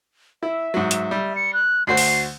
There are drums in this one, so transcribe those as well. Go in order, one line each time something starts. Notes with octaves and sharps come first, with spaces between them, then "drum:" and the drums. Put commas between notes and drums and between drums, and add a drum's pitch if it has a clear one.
E4 E5
G#2 F#3
drum: hi-hat
G3
C#7
F#6
D2 F#4 C5 C7
drum: open hi-hat